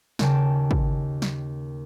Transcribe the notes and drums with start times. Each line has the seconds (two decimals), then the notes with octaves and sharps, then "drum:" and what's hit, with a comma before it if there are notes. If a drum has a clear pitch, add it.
0.19 D#2 C#3 G5 A5, drum: snare
0.71 drum: kick
1.22 drum: snare